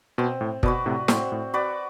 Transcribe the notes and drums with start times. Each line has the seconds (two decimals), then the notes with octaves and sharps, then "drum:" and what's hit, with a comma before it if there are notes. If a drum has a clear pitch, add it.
0.18 B2 C4
0.41 A2
0.63 B2 F#4 B4 D5, drum: kick
0.86 A2 C3
1.08 A2 C4, drum: snare
1.32 A2
1.54 F#4 B4 D5